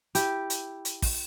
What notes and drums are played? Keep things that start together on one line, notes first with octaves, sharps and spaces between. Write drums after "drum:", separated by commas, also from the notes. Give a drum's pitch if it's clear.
E4 G4, drum: hi-hat
drum: hi-hat
drum: hi-hat
drum: kick, open hi-hat